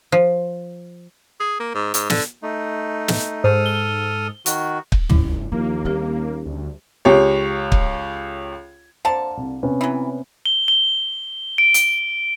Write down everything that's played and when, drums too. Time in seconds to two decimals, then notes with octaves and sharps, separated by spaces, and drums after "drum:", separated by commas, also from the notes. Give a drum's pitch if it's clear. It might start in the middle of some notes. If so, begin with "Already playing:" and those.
0.12 F3
1.40 G#4
1.60 A#3
1.75 G#2
1.94 G#2, drum: hi-hat
2.10 D3, drum: snare
2.43 A3 D#4
3.08 drum: snare
3.44 G#2 A4 C5 D#6 F6
3.66 G7
4.46 D#3 F#4, drum: hi-hat
4.92 drum: kick
5.10 F1 G2 C#4 E4, drum: tom
5.52 D#2 F3 A#3
5.85 G3 C4 C#4 G4
6.46 D2
7.05 C#2 G4 C#5
7.72 drum: kick
9.05 D3 A#3 C5 A5
9.37 C2
9.63 C3 B3 C#4
9.81 E3 F#3
10.46 G7
10.68 G7
11.58 D7
11.74 drum: hi-hat